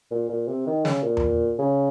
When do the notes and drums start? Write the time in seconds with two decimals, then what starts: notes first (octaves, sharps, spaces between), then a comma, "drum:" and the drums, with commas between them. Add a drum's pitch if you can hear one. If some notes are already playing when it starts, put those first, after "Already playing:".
0.11 A#2
0.29 A#2
0.48 C3
0.67 D#3
0.85 C#3, drum: snare
1.03 A#2
1.17 drum: tom E2
1.58 C#3